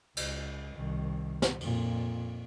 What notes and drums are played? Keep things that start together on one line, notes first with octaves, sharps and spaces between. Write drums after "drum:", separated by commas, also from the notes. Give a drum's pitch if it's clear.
C#2, drum: cymbal
C2 D#3
drum: snare
F2 A#2, drum: cymbal